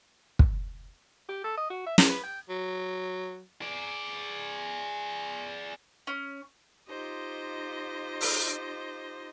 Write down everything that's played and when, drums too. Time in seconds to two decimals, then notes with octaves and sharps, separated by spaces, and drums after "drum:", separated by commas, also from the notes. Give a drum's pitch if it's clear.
0.39 drum: kick
1.29 G4
1.44 A4
1.58 D#5
1.70 F#4
1.87 E5
1.98 A#4, drum: snare
2.10 B4
2.24 G5
2.49 F#3
3.62 G#4 D5
6.07 C#4
6.88 D#4 F4 G4 C5 D#5
8.21 drum: open hi-hat